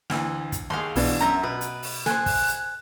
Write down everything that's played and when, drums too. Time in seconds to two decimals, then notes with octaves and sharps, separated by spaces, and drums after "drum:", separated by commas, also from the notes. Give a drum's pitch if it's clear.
0.10 D2 E3 E5 G#5 F6, drum: snare
0.52 drum: kick, hi-hat
0.70 D#2 G#4 F5 F#5 C6
0.96 B1 B2 E3 B3 D4, drum: open hi-hat
1.21 F#2 E5 A#5
1.43 B2 B4
1.61 drum: hi-hat
1.83 drum: open hi-hat
2.06 A4 C5 G#5 F#6, drum: snare
2.26 drum: kick, open hi-hat
2.48 drum: hi-hat